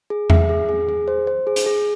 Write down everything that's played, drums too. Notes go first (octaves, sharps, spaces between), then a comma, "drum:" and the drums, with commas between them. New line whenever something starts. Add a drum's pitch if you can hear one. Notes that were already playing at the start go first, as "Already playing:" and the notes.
G#4
E5, drum: tom E2
G#4
G#4
G#4
C5
C5
G#4
drum: hi-hat
G#4